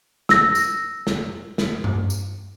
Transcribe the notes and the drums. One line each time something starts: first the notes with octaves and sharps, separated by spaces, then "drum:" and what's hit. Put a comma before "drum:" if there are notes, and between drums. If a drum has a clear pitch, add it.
E6 A#6, drum: snare
drum: tambourine
drum: snare
drum: snare
drum: tom G2
drum: tambourine